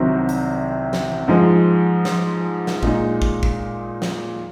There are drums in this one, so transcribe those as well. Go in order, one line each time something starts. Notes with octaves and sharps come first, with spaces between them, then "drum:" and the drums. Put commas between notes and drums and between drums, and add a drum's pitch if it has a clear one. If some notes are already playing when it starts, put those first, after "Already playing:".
Already playing: C2 C3 D#3 F#3 C4
drum: hi-hat
drum: snare
drum: tom E3
G#2 F3 G#3
drum: snare
drum: snare
A#2 G#3 D#4, drum: kick
drum: kick
drum: kick
drum: snare